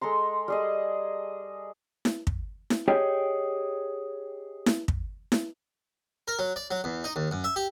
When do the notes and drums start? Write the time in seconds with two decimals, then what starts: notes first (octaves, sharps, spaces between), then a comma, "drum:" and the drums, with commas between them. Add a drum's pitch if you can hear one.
0.01 G#3 A4 A#5 C6
0.48 G3 G#4 D#5
2.05 drum: snare E4
2.27 drum: kick
2.70 drum: snare E4
2.88 G4 G#4 C#5 D#5 G5
4.66 drum: snare E4
4.88 drum: kick
5.32 drum: snare E4
6.28 A#4
6.39 F#3
6.56 D5
6.71 F#3
6.84 E2
7.04 D#4
7.16 D#2
7.31 F#2
7.44 E5
7.56 G4